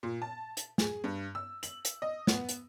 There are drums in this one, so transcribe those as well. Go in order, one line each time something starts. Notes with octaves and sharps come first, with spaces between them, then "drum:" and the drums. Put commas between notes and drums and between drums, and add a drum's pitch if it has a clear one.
A#2
A5
drum: hi-hat
G#4, drum: snare
G2
E6
F#7, drum: hi-hat
drum: hi-hat
D#5
B3, drum: snare
drum: hi-hat